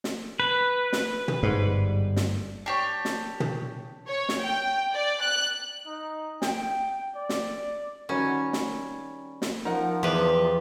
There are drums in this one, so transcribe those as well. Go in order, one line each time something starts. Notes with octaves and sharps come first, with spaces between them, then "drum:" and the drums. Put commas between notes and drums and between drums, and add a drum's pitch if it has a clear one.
drum: snare
B4
drum: snare
drum: tom
G1 G#2 G3
drum: snare
D4 G4 C#5
drum: snare
drum: tom
C#5
drum: snare
G5
D5
F#6
D#4
G5, drum: snare
D5
drum: snare
D#3 G3 C#4 F#4
drum: snare
drum: snare
F3 D#4 A#4 F#5
E2 G4 B4